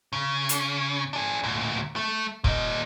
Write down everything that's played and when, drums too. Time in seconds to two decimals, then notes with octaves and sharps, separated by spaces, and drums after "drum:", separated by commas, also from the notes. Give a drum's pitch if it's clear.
0.13 C#3
0.49 drum: hi-hat
1.13 D4 G#4
1.43 D2 A#2
1.96 A3
2.44 A#2 D#4, drum: kick